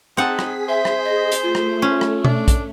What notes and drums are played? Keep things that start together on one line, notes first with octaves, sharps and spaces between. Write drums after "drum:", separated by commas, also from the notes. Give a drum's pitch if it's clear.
C4 D#4 G#4 F#5 A5 B6
drum: rim click
C5 E5
drum: rim click
D#5
drum: hi-hat
A3 F4
drum: rim click
C#4
drum: rim click
D4, drum: tom B2
drum: kick A#1, hi-hat